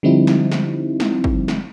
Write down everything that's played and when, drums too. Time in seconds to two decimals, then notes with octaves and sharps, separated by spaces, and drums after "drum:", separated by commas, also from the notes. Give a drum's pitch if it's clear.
0.03 D3 F3 G3 C4 D#4 E4
0.27 drum: snare
0.52 drum: snare
1.00 drum: snare
1.24 drum: kick
1.48 drum: snare